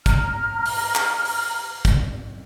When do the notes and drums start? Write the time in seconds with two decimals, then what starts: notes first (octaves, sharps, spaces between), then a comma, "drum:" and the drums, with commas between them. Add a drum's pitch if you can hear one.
0.06 A#5 F6, drum: kick, hi-hat
0.66 drum: open hi-hat
0.95 drum: clap
1.25 drum: open hi-hat
1.85 drum: kick, hi-hat